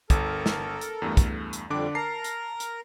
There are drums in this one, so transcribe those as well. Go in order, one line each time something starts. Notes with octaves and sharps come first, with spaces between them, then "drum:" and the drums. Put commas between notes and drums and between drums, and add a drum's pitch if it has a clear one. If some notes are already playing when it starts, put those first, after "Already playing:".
G1 A4 A#4, drum: kick, hi-hat
drum: snare
drum: hi-hat
E2 G2 A3
drum: kick, hi-hat
drum: hi-hat
F2 D3 G3 D4 D6
A#4 A5 A#5 C7
drum: hi-hat
drum: hi-hat